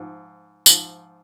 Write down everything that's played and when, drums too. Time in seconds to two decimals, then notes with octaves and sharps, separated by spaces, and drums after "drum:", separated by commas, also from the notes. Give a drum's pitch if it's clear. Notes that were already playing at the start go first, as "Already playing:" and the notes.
Already playing: G#2 F3
0.66 G#2 F3, drum: tambourine